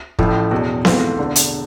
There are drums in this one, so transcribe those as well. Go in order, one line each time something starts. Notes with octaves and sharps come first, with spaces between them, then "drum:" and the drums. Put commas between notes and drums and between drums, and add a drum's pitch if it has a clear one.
A1 A2 F3 A3 E4, drum: kick
E1 E2 B2
G#2 E3 A3 C4 F4, drum: snare B3
E1 E2 D3
drum: hi-hat